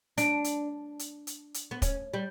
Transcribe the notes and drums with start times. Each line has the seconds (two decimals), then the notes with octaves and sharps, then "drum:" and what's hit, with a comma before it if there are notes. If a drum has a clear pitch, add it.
0.18 D4, drum: hi-hat
0.44 drum: hi-hat
0.99 drum: hi-hat
1.27 drum: hi-hat
1.54 drum: hi-hat
1.71 B3
1.82 C#4, drum: kick, hi-hat
2.14 G3